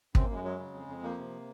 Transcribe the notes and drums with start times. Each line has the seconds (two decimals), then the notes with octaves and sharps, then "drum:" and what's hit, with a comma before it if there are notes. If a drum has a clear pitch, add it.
0.15 F#2 C4, drum: kick
0.24 A#3
0.30 F#2 G#3
0.44 F#3 G#3
0.59 C#3
0.74 F2
0.88 F2
1.03 F3 A#3
1.18 C3